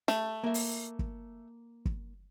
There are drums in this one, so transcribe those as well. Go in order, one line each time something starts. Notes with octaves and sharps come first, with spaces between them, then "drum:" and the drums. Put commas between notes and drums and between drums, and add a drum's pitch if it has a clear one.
A3, drum: snare
A#3 E5
drum: open hi-hat
drum: kick
drum: kick